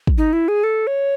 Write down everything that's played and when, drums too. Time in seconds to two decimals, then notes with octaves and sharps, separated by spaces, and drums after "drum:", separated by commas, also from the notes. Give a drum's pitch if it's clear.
0.07 drum: kick
0.18 D#4
0.33 E4
0.48 G#4
0.64 A4
0.87 C#5